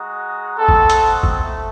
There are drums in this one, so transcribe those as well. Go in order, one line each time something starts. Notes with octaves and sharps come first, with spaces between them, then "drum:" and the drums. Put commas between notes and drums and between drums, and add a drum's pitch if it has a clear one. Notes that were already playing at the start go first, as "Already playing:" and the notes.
Already playing: G#3 D#4 F#4
C4 D#4 F#4 A4
drum: kick G1
drum: hi-hat
drum: kick G1
A3